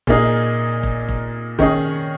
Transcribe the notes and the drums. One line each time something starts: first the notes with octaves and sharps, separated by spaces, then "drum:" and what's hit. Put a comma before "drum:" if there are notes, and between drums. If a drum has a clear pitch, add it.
A#2 A#3 D#4 G#4, drum: kick F1
drum: kick F1
drum: kick F1
D#3 C#4 G#4 D#5, drum: kick F1